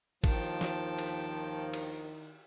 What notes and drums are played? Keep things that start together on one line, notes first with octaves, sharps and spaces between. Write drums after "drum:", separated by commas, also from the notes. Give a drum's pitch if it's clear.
D#2 D#3 F3 G5 A5, drum: kick, cymbal
drum: snare
drum: cymbal
drum: cymbal